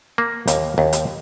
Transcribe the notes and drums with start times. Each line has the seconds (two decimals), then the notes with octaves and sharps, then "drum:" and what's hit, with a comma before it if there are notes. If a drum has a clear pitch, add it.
0.18 A#3
0.48 D#2, drum: hi-hat
0.78 D#2
0.93 drum: hi-hat